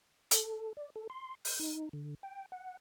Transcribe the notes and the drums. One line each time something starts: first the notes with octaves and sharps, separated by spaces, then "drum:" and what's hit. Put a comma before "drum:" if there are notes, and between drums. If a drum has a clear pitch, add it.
A4, drum: hi-hat
D5
A4
C6
G6, drum: open hi-hat
D#4
D3
G5
F#5